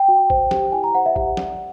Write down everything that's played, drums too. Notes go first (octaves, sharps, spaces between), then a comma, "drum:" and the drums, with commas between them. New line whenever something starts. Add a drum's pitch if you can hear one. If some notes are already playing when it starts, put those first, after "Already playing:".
Already playing: G5
F#4
C5, drum: kick A1
G4, drum: snare
E4 G#5
A#5
C5 F#5
E5
G4 F#5, drum: kick A1
D5, drum: snare